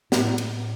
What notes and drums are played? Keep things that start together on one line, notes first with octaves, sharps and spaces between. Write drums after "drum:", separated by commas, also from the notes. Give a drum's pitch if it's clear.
A2, drum: snare
drum: cymbal